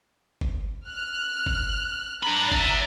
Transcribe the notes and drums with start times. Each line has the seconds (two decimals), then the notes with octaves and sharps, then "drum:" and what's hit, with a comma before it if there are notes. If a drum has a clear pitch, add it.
0.41 drum: kick
0.86 F6 F#6
1.46 drum: kick
2.23 D4 A#5 B5 F#6 A6
2.52 D5 E5, drum: kick